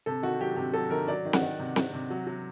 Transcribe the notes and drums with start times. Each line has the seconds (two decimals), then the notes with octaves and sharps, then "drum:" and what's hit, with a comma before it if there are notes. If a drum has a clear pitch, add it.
0.06 C3 A4
0.23 D#3 F#4
0.40 F#3 G4
0.57 C3 G4
0.74 F#3 A4
0.90 D#3 A#4
1.08 F#3 D5
1.25 D#3
1.33 F#5, drum: snare C4
1.42 D#3
1.59 C3
1.76 C3, drum: snare C4
1.93 C3
2.10 F#3
2.27 F#3